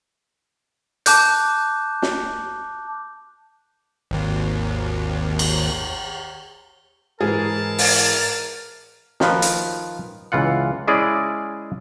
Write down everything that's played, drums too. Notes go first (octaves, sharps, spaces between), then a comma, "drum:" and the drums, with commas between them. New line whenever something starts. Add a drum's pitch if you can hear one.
A5 D6 F#6 G6, drum: hi-hat
drum: snare
G#1 D#2
drum: cymbal
G#2 E3 G#4 A#4 A5
drum: open hi-hat
D#3 F3 B4, drum: snare
drum: hi-hat
C#2 E3 F4 F#5
G#3 C#4 E4 G#4 D5 D#5